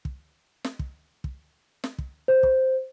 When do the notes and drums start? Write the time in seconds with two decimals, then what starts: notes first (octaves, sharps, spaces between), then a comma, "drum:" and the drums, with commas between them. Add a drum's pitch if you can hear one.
0.05 drum: kick
0.65 drum: snare
0.79 drum: kick
1.24 drum: kick
1.84 drum: snare
1.98 drum: kick
2.28 C5
2.43 drum: kick